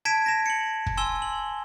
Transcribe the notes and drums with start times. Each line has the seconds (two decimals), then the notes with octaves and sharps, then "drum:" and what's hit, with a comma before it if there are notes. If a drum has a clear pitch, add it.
0.05 A5 G#6 B6 D7 E7
0.26 A#6 E7
0.46 C#7 F#7
0.86 drum: kick
0.97 G#5 C6 E6 E7 G7
1.22 F#7